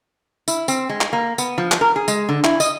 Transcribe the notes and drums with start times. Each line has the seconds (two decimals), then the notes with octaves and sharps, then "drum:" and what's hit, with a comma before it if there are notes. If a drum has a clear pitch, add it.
0.48 E4, drum: tambourine
0.68 C4, drum: tambourine
0.89 G#3
1.01 drum: clap
1.13 A#3
1.38 B3, drum: tambourine
1.58 F3
1.72 drum: clap
1.81 A#4
1.96 G#4
2.08 G#3, drum: tambourine
2.29 D3
2.44 E4, drum: clap
2.60 D#5, drum: tambourine